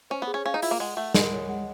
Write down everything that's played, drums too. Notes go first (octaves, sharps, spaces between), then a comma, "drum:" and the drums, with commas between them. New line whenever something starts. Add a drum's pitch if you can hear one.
C#4 C5
B3
G#4
C#4
C#4 F5
D#4
E4 F4, drum: open hi-hat
A#3
G#3 F#5
A3 F#5
G#3 A#4, drum: snare
C#5
F#5